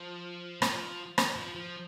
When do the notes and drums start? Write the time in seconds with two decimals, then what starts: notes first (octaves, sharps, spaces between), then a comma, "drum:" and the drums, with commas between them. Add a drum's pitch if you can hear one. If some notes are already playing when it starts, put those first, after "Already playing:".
Already playing: F3
0.62 F3, drum: rim click
1.18 drum: rim click
1.36 F3
1.55 F3